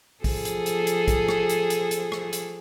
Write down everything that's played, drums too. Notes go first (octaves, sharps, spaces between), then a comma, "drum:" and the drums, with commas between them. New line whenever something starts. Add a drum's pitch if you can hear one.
F3 G#4 A4, drum: kick, open hi-hat
drum: hi-hat
drum: hi-hat
drum: hi-hat
drum: kick, hi-hat
drum: rim click
drum: hi-hat
drum: hi-hat
drum: hi-hat
drum: rim click
drum: hi-hat